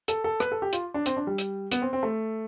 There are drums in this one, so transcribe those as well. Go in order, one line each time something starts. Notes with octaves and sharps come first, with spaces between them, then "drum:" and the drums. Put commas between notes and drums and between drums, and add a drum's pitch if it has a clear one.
A4, drum: hi-hat
A4
B4, drum: rim click
A4
G4
F4, drum: hi-hat
D4
C4, drum: hi-hat
D4
G3
drum: hi-hat
B3, drum: hi-hat
C4
C4
A3